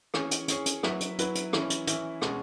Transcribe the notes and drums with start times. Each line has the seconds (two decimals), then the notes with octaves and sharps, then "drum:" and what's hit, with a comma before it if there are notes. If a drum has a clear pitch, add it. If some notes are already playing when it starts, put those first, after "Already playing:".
0.14 E3 C#4 G#4 C#5, drum: rim click
0.31 drum: hi-hat
0.48 E3 C#4 G#4 C#5, drum: hi-hat
0.66 drum: hi-hat
0.83 F#3 E4 B4 E5, drum: rim click
1.00 drum: hi-hat
1.18 F#3 E4 B4 E5, drum: hi-hat
1.35 drum: hi-hat
1.53 E3 C#4 E4, drum: rim click
1.70 drum: hi-hat
1.87 E3 C#4 E4, drum: hi-hat
2.22 B2 G#3 C#4, drum: rim click